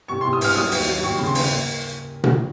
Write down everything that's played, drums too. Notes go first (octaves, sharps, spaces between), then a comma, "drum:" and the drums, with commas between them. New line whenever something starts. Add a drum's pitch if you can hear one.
C3 C#6
C3 C6
D#6
C2 F6, drum: open hi-hat
F#3 D#6
D#2, drum: open hi-hat
F#3
D#2 C#6
C#3
C6
C#3, drum: open hi-hat
A#3
drum: tom A#2